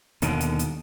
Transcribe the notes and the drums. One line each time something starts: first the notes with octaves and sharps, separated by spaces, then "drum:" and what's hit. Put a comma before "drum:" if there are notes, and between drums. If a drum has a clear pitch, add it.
D#2 B2 D3 D#3, drum: hi-hat
drum: hi-hat
drum: hi-hat